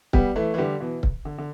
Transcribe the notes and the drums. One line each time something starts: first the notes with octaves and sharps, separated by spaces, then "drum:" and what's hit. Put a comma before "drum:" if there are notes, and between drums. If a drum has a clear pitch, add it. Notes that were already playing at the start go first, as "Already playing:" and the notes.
G3 B3, drum: kick C#1
E3 A3
E3
D3 G3
B2 E3
drum: kick C#1
D3
D3